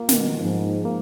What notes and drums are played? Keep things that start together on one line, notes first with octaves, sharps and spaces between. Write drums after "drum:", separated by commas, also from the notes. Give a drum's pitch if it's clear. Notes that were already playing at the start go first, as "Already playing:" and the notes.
Already playing: A#3 F4
B2 D#3, drum: snare
G#2 F3
A#3